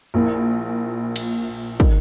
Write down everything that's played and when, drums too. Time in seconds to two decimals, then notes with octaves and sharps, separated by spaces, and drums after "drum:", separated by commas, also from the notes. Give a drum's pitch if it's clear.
0.14 A#1 A#2 A#3 E4
1.16 drum: cymbal
1.80 D#3, drum: kick